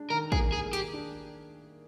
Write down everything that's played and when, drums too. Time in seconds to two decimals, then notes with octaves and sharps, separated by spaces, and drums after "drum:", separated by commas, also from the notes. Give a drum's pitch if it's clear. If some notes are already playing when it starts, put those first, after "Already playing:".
Already playing: D4 G#4
0.10 D#3 A#4
0.32 G#4, drum: kick
0.39 A#3
0.52 G#4
0.66 G#4
0.73 G4, drum: hi-hat
0.94 D4